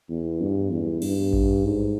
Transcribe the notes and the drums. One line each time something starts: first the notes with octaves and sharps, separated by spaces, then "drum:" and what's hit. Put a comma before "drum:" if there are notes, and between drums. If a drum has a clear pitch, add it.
E2
G2
E2
G2, drum: cymbal
drum: kick A1
G#2